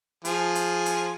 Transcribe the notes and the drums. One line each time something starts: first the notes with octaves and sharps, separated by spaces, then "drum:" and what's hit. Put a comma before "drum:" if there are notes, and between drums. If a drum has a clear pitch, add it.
F3 G#4, drum: hi-hat
drum: hi-hat
drum: hi-hat